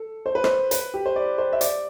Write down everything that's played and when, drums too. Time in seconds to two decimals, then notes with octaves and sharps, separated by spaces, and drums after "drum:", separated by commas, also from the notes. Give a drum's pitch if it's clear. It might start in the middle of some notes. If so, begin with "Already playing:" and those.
Already playing: A4
0.26 C5
0.35 B4
0.44 C5, drum: rim click
0.71 B4, drum: hi-hat
0.94 G4
1.06 C5
1.16 D5
1.38 C5
1.53 E5
1.61 D5, drum: hi-hat